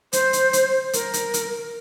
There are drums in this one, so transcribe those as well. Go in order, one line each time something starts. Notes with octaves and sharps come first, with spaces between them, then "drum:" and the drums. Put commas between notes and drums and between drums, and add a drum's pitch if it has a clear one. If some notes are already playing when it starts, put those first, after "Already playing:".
C5, drum: hi-hat
drum: hi-hat
drum: hi-hat
A#4, drum: hi-hat
drum: hi-hat
drum: hi-hat